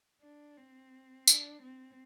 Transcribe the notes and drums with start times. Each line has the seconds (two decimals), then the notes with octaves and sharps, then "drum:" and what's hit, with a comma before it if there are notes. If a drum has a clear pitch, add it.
0.21 D4
0.57 C4
1.27 D4, drum: tambourine
1.63 C4